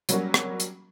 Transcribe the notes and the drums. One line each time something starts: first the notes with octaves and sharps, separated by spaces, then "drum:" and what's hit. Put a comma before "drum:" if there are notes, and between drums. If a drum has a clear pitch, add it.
F#3 G3 A#3 C#4 F#4, drum: hi-hat
drum: rim click
drum: hi-hat